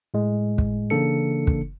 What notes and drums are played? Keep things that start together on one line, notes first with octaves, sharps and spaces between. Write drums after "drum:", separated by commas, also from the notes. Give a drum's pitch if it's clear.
A2 G#3
drum: kick
C#3 E3 A#3 D4 A4 C#7
drum: kick